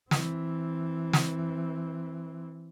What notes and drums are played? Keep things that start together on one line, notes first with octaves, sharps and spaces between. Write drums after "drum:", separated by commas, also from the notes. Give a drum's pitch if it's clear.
E3 C4, drum: snare
drum: snare